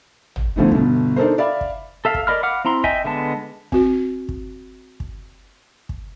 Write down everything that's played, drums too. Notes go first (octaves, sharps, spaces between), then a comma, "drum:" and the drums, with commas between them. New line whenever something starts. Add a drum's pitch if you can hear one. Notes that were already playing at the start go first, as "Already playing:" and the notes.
drum: tom
D3 F3 A3 B3 D#4
G1 B2, drum: kick
D4 D#4 A4 A#4 C5
D5 E5 F5 B5
drum: kick
A4 E5 F5
drum: kick
A#4 D5 D#5 B5 F6
F5 F#5 B5 D6 F6
C4 E4 A#5 C6
D#5 E5 G5 G#5, drum: kick
D3 G#3 B3 A5
C4 F#4, drum: kick
drum: kick
drum: kick
drum: kick